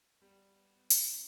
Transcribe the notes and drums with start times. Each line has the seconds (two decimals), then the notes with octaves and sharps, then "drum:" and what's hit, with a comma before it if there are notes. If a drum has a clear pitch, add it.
0.21 G3 B3
0.90 drum: hi-hat
1.10 D4